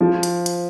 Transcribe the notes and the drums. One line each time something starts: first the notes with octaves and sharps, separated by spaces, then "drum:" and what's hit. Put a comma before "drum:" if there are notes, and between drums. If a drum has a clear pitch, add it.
F3
drum: hi-hat
drum: hi-hat